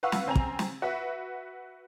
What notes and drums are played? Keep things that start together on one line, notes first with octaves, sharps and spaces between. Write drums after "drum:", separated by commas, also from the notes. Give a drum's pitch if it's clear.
B4 F5 F#5 C#6 E6
drum: snare
C#3 C4 G#5 A#5 F7
drum: kick
drum: snare
F#4 B4 E5 F#5